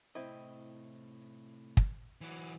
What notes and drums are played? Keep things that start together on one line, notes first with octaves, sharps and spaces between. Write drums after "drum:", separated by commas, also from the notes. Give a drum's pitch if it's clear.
A2 C3 C4 E4 D#5
drum: kick
E3 F#3